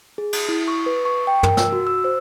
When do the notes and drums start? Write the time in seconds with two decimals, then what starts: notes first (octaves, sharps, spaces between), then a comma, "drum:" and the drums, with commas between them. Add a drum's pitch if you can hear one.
0.18 G#4
0.33 drum: cymbal
0.49 E4
0.68 C#6
0.86 B4
1.05 C#6
1.27 G5
1.43 A#4, drum: tom
1.57 E6, drum: snare
1.73 F#4
1.87 E6
2.04 C5